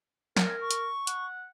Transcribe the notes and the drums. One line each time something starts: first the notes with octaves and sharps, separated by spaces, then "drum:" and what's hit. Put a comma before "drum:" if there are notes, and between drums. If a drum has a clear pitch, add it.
A#4, drum: snare
G#6
C#6
drum: hi-hat
F#5, drum: hi-hat